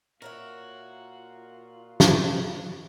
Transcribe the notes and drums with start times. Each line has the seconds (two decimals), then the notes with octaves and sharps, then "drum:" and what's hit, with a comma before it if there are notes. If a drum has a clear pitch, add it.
0.22 A#2 F4 F#4 A#4 C#5 E5
2.00 drum: snare